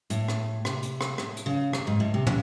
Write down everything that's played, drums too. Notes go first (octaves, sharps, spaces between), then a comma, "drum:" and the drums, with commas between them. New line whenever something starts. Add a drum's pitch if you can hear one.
A2, drum: hi-hat
drum: rim click
C3, drum: rim click
drum: hi-hat
drum: rim click
A2, drum: rim click
drum: hi-hat
C#3
C3, drum: rim click
G#2
A2
C3
C#3, drum: tom